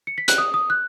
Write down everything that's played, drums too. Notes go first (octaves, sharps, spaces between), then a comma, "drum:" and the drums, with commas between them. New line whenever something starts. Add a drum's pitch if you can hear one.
C#7
B6
F#6, drum: hi-hat
D#6
D#6
F#6